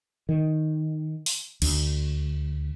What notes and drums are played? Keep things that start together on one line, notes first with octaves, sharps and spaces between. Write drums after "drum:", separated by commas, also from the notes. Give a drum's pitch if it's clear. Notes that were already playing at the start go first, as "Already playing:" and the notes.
D#3
drum: open hi-hat
D2, drum: cymbal